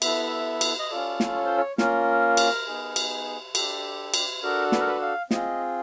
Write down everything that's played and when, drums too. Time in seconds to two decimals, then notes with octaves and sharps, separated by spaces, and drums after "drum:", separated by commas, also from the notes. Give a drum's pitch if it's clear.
0.02 B3 E4 A4 E5, drum: cymbal
0.61 drum: cymbal
0.79 D#5
0.90 C#4 F4 A4 D5
1.20 drum: snare
1.35 C#5
1.45 C5
1.57 C#5
1.78 A#3 C#4 F4 A#4, drum: snare
2.37 drum: cymbal
2.67 B3 D#4 G#4
2.96 drum: cymbal
3.55 D4 G4 A4, drum: cymbal
4.14 drum: cymbal
4.43 D4 F#4 A4 A#4
4.72 B4, drum: snare
4.80 A#4
4.88 B4
5.02 F5
5.31 C4 F4 G#4 D#5, drum: snare